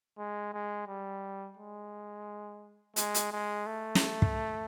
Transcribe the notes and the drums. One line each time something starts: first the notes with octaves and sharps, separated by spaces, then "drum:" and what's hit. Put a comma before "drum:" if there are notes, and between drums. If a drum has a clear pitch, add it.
G#3
G#3
G3
G#3
G#3, drum: hi-hat
drum: hi-hat
G#3
A3
drum: snare
drum: kick